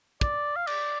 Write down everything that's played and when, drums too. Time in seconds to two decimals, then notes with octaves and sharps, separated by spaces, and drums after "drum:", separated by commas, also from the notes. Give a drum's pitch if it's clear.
0.21 D5, drum: kick
0.56 F5
0.67 D5, drum: cymbal